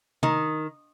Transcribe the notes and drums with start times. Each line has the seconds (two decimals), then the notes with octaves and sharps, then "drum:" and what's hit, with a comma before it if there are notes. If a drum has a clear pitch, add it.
0.23 D#3, drum: tom C3